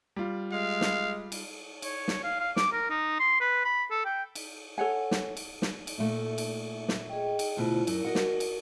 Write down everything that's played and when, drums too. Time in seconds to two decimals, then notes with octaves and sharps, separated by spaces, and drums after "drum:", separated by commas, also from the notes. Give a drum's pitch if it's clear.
0.16 G3 F4
0.52 G#3 F5
0.81 drum: snare
1.32 drum: cymbal
1.82 C#5, drum: cymbal
2.08 drum: snare
2.24 F5
2.40 F5
2.56 D6, drum: snare
2.72 A#4
2.90 D#4
3.20 C6
3.41 B4
3.65 B5
3.91 A4
4.05 G5
4.35 drum: cymbal
4.78 A4 C#5 F#5 G#5
5.11 drum: snare
5.37 drum: cymbal
5.62 drum: snare
5.87 drum: cymbal
5.98 A#2 A3 E5
6.38 drum: cymbal
6.88 drum: snare
7.10 G#4 D#5 G5
7.39 drum: cymbal
7.57 D2 B2 E4 F4 C5
7.87 F#2 E4 A#4, drum: cymbal
8.05 F#4 A#4 D#5 F#5
8.15 drum: snare
8.40 drum: cymbal